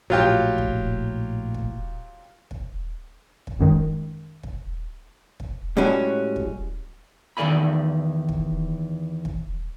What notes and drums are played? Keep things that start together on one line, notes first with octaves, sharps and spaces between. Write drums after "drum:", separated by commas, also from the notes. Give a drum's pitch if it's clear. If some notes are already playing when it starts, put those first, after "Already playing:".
A#1 A2 F#3 F4 G4
drum: kick
drum: kick
drum: kick
drum: kick
A1 F#2 D#3 G#3
drum: kick
drum: kick
A2 G3 G#3 C#4 F#4
drum: kick
E2 D#3 A4 D5 G#5 B5
drum: kick
drum: kick